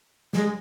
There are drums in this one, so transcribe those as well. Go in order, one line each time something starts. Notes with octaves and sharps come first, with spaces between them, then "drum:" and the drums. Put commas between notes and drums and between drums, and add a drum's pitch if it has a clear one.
G#3, drum: snare